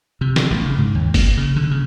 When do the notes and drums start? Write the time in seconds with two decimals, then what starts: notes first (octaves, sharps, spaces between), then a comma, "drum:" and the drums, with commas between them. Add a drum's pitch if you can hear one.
0.21 C3
0.36 D3, drum: snare
0.50 A1
0.65 C#3
0.78 G#2
0.94 D#2
1.14 A#3, drum: kick, open hi-hat
1.37 C#3
1.56 D3
1.71 C#3